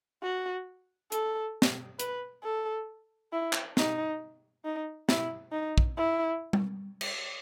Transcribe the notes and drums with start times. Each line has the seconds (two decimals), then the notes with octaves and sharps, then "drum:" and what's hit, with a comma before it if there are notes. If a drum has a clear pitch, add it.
0.23 F#4
1.12 A4, drum: hi-hat
1.62 drum: snare
1.99 B4, drum: hi-hat
2.44 A4
3.33 E4
3.53 drum: clap
3.77 D#4, drum: snare
4.65 D#4
5.09 E4, drum: snare
5.52 D#4
5.78 drum: kick
5.98 E4
6.53 drum: tom G3
7.01 drum: cymbal